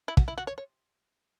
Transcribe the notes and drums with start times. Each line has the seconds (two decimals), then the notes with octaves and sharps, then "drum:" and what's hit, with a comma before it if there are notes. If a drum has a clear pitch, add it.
0.08 E4
0.17 F#4, drum: kick
0.28 E4
0.38 F#4
0.47 C#5
0.58 C#5